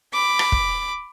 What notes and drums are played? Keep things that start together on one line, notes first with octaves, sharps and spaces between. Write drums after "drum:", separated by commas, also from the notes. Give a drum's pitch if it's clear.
B5 D6
drum: rim click
drum: kick